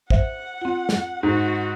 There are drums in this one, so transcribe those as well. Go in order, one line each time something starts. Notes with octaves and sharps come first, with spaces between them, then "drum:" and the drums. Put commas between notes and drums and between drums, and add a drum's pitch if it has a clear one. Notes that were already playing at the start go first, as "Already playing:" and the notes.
C5 E5 F#5, drum: kick
C4 F4
drum: snare
G#2 F#4